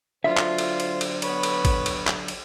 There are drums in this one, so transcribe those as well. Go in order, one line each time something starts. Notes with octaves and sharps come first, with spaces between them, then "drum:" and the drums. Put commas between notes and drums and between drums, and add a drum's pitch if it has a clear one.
D3 F#3 F4 C5 E5
drum: clap
drum: cymbal
drum: cymbal
drum: cymbal
B3 B4 C#5, drum: cymbal
drum: cymbal
drum: kick, cymbal
drum: cymbal
drum: clap
drum: cymbal